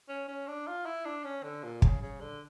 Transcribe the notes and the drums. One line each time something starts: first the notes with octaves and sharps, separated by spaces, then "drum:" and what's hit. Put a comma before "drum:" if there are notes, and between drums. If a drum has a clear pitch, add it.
C#4
C#4
D4
F4
E4
D4
C#4
D3
A#2
C#3, drum: kick
C#3
D3